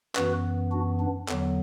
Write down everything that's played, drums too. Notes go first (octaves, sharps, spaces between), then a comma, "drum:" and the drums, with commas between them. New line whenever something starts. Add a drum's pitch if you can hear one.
F#2 E3 B3 F#4 B4, drum: clap
D4 F#4
D4
E2 D3 F#3 B3, drum: clap